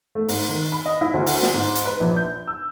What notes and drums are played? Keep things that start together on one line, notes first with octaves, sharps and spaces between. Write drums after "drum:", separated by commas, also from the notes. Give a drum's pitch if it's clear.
A3
G#2, drum: open hi-hat
D#3
B5
D#5
E4
D2
drum: open hi-hat
drum: snare
G#2
drum: hi-hat
B4
A#1
G6
E6